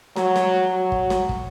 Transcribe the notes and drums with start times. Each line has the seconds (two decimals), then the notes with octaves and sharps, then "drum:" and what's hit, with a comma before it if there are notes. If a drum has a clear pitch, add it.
0.16 F#3, drum: snare
0.36 drum: snare
0.74 F#3
0.92 drum: kick
1.10 drum: snare
1.29 drum: kick